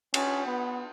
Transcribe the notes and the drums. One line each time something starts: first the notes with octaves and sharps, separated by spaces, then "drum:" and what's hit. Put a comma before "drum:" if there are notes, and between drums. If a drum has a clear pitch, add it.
C#4, drum: cymbal
B3